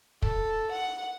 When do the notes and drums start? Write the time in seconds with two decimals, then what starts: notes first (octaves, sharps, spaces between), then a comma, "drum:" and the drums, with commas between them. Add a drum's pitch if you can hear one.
0.22 A4, drum: kick
0.72 F#5